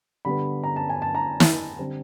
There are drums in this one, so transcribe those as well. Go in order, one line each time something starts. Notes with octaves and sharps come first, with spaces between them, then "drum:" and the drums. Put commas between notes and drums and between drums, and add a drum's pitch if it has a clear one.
D3 G3 B3 B5
A#5
A5
G#5
A5
A#5
drum: snare
D3 G3 C4